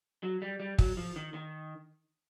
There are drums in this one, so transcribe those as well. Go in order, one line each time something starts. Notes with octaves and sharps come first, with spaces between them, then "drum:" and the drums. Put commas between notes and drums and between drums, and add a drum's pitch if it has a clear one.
F#3
G3
G3
F#3, drum: kick
F3
D#3
D#3